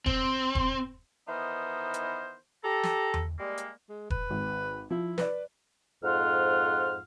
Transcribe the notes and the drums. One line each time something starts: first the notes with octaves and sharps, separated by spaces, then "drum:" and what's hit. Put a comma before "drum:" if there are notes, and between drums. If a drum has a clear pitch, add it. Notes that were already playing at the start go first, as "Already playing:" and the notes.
C4, drum: kick E1
drum: kick E1
D#3 E3 B3 D#4 A#4 C5
drum: hi-hat
G4 A4 A#5
drum: snare
drum: tom E2
G3 G#3 A#3
drum: hi-hat
G#3
B4, drum: kick E1
G#1
F3 E4
B4 D5, drum: snare
F2 G#2 F4 F#5 F6